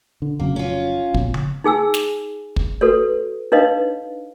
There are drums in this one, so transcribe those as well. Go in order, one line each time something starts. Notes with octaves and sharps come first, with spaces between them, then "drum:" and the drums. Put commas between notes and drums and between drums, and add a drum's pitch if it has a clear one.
D3
F1 C#3 F#3 A#3
C#4 F4
A#1 F2 B2, drum: kick
drum: tom C#3
D#4 G#4 G#5 E6
drum: snare
drum: kick
F#4 A4 B4 C#5
D4 D#4 B4 C#5 D#5 F5